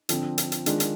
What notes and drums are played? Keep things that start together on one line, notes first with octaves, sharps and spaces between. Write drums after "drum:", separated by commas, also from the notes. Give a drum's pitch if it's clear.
D3 F3 C4, drum: hi-hat
drum: hi-hat
drum: hi-hat
D#3 G#3 D4 F4, drum: hi-hat
drum: hi-hat